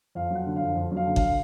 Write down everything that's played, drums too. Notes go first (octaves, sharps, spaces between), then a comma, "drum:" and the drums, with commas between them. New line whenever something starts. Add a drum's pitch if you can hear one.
F2 F5
F#3 F#5
D3
F2 F5
F2
F#3
F5
D3
F5, drum: kick G1